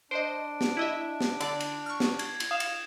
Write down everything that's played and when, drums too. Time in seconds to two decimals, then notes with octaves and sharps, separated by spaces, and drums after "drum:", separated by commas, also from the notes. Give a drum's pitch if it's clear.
0.11 D4 C5 D#5 D7
0.61 drum: snare
0.77 E4 D#5 E5
1.21 drum: snare
1.40 D3 D5, drum: cymbal
1.60 drum: cymbal
1.86 C#6 F6
2.00 drum: snare
2.19 G#6, drum: cymbal
2.40 drum: cymbal
2.51 F5 D#6 E7
2.60 drum: cymbal